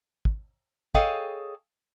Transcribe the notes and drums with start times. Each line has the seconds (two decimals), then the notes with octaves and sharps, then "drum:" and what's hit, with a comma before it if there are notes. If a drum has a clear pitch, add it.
0.25 drum: kick
0.94 G#4 A4 C#5 D#5 F5 G5, drum: kick